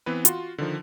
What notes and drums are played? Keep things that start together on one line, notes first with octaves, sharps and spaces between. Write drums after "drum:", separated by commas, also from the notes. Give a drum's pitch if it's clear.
E3 B3 C4 B4
F4 F#4 C6, drum: hi-hat
D3 D#3 F3